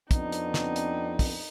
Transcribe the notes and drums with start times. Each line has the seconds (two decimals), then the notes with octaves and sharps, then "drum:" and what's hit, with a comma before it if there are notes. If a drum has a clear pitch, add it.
0.11 F2 B3 C4 D4 D#4, drum: kick, hi-hat
0.32 drum: hi-hat
0.54 drum: snare
0.76 drum: hi-hat
1.19 drum: kick, open hi-hat